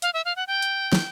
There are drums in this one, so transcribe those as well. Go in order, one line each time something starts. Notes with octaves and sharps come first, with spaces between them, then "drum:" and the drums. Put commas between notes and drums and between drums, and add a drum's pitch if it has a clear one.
F5, drum: hi-hat
E5
F5
F#5
G5
drum: hi-hat
drum: snare